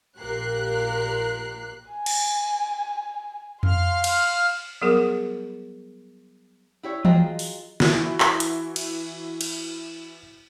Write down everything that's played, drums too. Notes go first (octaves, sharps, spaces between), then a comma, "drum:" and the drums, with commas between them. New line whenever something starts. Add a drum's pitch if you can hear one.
A#1 A#2 G4 A#4 F#6 C7
G#5
drum: cymbal
F5 C6 F6, drum: tom F2
drum: cymbal
F#3 G3 B3 G#4 A#4
E4 G4 C#5
F#3 F4 G#4 D#5 G5, drum: tom E3
drum: open hi-hat
E3 E4 F#4, drum: snare
drum: clap
drum: hi-hat
drum: cymbal
drum: cymbal